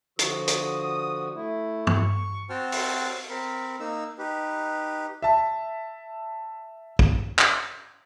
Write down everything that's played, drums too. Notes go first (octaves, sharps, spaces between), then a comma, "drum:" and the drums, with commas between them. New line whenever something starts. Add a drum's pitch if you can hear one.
D3 F3 F#4 D#6, drum: hi-hat
drum: hi-hat
A3 E4
C#6, drum: tom
C4 F#4 C5 G5 A5 F6
drum: open hi-hat
C4 A#4 B5
A#3 D#4 E6
D#4 G4 B4
E5 A5
drum: kick
drum: clap